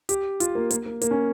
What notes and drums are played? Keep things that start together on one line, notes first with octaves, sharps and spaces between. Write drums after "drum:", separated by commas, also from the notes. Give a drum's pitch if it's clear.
G4, drum: hi-hat
F4, drum: hi-hat
A#3
A#3, drum: hi-hat
A#3
A#3, drum: hi-hat
C#4